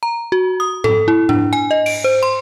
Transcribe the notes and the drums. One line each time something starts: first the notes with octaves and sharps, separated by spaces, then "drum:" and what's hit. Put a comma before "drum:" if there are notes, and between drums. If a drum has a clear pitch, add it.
A#5
F#4
D#6
A4, drum: tom G#2
E4
D4, drum: tom G#2
G#5
D#5
D7, drum: cymbal
C5
C6